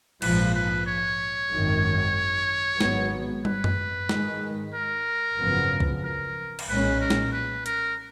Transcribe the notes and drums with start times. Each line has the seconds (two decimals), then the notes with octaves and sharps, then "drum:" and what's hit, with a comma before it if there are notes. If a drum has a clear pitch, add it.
0.22 A#1 G#2 F3 B4, drum: cymbal
0.54 B4
0.86 C#5
1.51 G#1 F#2 D#3
2.81 G#1 G#2 F#3 B3, drum: snare
3.45 B4, drum: tom
3.64 drum: tom F#2
4.09 G#2 D#3 G#3, drum: snare
4.74 A#4
5.39 G#1 F#2 C#3 F3 B3
5.80 drum: kick C2
6.04 A#4
6.59 drum: cymbal
6.68 B1 A#2 G#3 C#4 B4
7.01 A#4
7.10 drum: snare
7.32 B4
7.66 A#4, drum: hi-hat